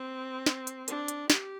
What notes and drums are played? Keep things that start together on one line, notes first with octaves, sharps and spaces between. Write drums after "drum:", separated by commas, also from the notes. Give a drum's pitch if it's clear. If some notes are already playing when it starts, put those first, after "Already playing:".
Already playing: C4
drum: snare
drum: hi-hat
D4, drum: hi-hat
drum: hi-hat
G4, drum: snare